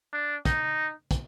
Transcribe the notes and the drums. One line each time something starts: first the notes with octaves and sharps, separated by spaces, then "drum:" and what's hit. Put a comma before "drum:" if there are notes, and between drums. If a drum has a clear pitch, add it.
D4
D#4, drum: kick, hi-hat
drum: kick, hi-hat